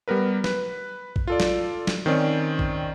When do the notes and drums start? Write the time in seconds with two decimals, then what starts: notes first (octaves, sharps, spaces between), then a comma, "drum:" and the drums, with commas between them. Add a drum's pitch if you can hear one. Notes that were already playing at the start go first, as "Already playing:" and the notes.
0.08 G3 B3 A#4 B4
0.44 B4, drum: snare
1.16 drum: kick A1
1.27 F4 A4 D5
1.40 drum: snare
1.87 drum: snare
2.06 D#3 C4 C#4 D5
2.59 drum: kick A1